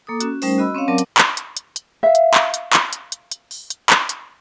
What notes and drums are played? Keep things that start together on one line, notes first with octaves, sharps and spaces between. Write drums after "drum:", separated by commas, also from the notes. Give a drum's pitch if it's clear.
A#3 A4 D6 D#6
C#4 F#4, drum: hi-hat
G3 A3 C#4 D#4 A#4 C5, drum: open hi-hat
F#4 D#5 B5 E6
C4 C#4 C#5 F5
F#3 C4 A#4 D5 A5 D6
drum: hi-hat
drum: clap
drum: hi-hat
drum: hi-hat
drum: hi-hat
E5 F5
drum: hi-hat
drum: clap
drum: hi-hat
drum: clap
drum: hi-hat
drum: hi-hat
drum: hi-hat
drum: open hi-hat
drum: hi-hat
drum: clap
drum: hi-hat